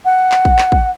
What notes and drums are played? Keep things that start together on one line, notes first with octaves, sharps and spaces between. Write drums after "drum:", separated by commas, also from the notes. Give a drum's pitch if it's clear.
F#5
drum: clap
drum: kick
drum: clap
drum: kick